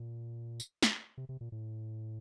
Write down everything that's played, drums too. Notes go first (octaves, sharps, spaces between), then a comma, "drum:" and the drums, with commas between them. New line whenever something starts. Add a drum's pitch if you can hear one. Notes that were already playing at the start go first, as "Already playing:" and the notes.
Already playing: A#2
drum: tambourine
drum: snare
C3
C3
A#2
A2